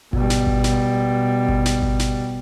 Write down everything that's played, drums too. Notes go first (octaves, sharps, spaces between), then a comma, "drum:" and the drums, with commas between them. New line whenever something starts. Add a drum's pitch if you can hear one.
B2 G3, drum: kick G#1
drum: snare
drum: kick G#1
drum: snare
drum: kick G#1
drum: snare
drum: kick G#1
drum: snare